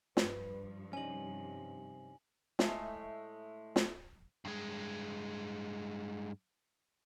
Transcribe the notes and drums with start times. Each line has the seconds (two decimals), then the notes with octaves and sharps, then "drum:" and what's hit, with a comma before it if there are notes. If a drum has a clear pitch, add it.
0.17 G2 F3 B4, drum: snare
0.93 C3 C#4 D#4 G#5 F#7
2.59 A2 G#3 A3 E5, drum: snare
3.76 drum: snare
4.45 G2 G#3